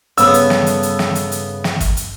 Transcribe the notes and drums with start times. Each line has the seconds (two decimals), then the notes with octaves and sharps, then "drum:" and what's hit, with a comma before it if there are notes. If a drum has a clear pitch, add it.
0.18 G2 C#3 A3 B3 E6, drum: hi-hat
0.34 drum: hi-hat
0.50 drum: snare
0.66 drum: hi-hat
0.83 drum: hi-hat
0.99 drum: snare
1.15 drum: hi-hat
1.32 drum: hi-hat
1.64 drum: snare
1.81 drum: kick, hi-hat
1.97 drum: hi-hat